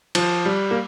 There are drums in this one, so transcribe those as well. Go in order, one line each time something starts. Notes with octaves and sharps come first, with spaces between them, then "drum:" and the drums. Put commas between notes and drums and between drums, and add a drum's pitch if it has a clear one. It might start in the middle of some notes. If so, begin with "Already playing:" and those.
F3, drum: cymbal
G3
A#3